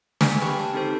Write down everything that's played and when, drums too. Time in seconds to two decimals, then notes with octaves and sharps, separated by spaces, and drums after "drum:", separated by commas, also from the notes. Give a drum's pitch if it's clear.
0.21 A#3 G#5 F6 B6, drum: snare
0.42 G4 B4 G5 B5 C#6
0.59 A5
0.73 C4 D#4 G4 A4 C5